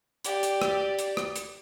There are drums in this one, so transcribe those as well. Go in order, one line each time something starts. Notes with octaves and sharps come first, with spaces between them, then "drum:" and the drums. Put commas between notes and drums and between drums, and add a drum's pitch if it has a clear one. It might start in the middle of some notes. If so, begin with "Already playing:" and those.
G4 D5, drum: hi-hat
drum: hi-hat
drum: rim click
drum: hi-hat
drum: rim click
drum: hi-hat